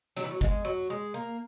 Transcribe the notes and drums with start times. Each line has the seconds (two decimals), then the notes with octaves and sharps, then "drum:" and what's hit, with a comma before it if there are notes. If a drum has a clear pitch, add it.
0.16 F#3, drum: hi-hat
0.24 E3
0.31 F#3
0.41 G#3, drum: kick
0.65 F#3
0.90 G#3
1.14 A#3